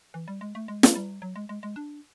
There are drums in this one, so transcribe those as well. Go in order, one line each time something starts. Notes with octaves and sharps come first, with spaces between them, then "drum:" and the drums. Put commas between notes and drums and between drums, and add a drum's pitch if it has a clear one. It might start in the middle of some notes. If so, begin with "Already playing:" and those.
E3
G3
G#3
A3
G#3
drum: snare
G3
F#3
G#3
G#3
G#3
D4